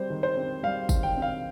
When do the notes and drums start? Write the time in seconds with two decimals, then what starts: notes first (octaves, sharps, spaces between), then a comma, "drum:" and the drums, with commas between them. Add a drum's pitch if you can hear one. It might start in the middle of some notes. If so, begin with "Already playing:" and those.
Already playing: G3 C4 C5
0.10 D#3
0.23 C5
0.37 C4
0.63 G3 F5
0.89 D#3, drum: kick, tambourine
1.03 G5
1.17 C4
1.22 F5